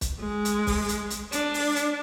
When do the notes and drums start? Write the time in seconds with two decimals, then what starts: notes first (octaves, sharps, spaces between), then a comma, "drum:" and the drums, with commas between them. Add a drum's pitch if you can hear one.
0.01 drum: kick, hi-hat
0.20 G#3
0.45 drum: hi-hat
0.67 drum: kick, open hi-hat
0.89 drum: hi-hat
1.10 drum: hi-hat
1.32 D4, drum: hi-hat
1.54 drum: open hi-hat
1.76 drum: hi-hat